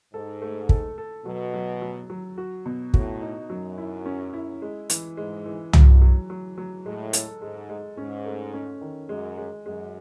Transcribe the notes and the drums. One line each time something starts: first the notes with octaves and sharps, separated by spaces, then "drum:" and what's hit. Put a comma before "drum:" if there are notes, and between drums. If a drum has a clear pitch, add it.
G#2 A4
A3
A4, drum: kick
A4
B2 F#3
F#3
F#3
F#3
F#4
B2
A2 F#4, drum: kick
D#4
F#2 F#3
E4
C#4
E4
G#3
E3, drum: hi-hat
G#2 G#3
E3
F#2 F#3, drum: tom
F#3
F#3
F#3
A2 G#3
A4, drum: hi-hat
G#2 G#3
G#3
G#2 C#4
A3
C#4
D#3
F#2 G#3
G#3
F#2 G#3